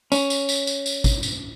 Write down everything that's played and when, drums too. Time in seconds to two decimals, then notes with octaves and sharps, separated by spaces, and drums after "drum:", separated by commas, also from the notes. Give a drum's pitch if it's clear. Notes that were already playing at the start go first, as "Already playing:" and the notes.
0.12 C#4, drum: tambourine
0.30 drum: tambourine
0.49 drum: tambourine
0.67 drum: tambourine
0.86 drum: tambourine
1.04 drum: kick G#1, tambourine
1.23 drum: tambourine